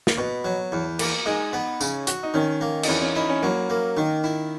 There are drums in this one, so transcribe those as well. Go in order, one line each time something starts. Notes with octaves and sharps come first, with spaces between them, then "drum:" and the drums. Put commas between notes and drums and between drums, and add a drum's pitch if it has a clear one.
A#3, drum: snare
B2 B3
F#3
E2
A#3, drum: cymbal
G#3 D#4
B3
C#3, drum: tambourine
F#4, drum: hi-hat
D#4
D#3 C#4
A#3
D#4, drum: cymbal
E2 C#4
C#4
D#4 E4
C#4
F#3 A#3
A#3
D#3
E4